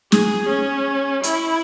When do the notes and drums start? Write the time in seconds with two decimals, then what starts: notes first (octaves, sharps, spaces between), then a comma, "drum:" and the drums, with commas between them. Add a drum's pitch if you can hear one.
0.12 G#4, drum: snare
0.48 C#4
1.23 E4, drum: hi-hat